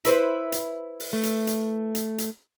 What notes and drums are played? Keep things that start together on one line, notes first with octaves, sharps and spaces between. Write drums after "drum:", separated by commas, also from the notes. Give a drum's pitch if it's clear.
E4 B4 C5, drum: hi-hat
drum: hi-hat
drum: open hi-hat
A3
drum: hi-hat
drum: hi-hat
drum: hi-hat
drum: hi-hat